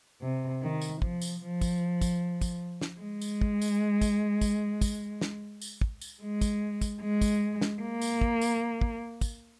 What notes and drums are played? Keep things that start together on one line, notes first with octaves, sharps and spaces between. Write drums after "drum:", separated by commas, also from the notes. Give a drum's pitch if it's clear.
C3
D#3
drum: tambourine
F3, drum: kick
drum: tambourine
F3
drum: kick, tambourine
drum: kick, tambourine
drum: kick, tambourine
drum: snare
G#3
drum: tambourine
drum: kick
drum: tambourine
drum: kick, tambourine
drum: kick, tambourine
drum: kick, tambourine
drum: snare
drum: tambourine
drum: kick
drum: tambourine
G#3
drum: kick, tambourine
drum: kick, tambourine
G#3
drum: kick, tambourine
drum: snare
A#3
drum: tambourine
drum: kick
drum: tambourine
drum: kick
drum: kick, tambourine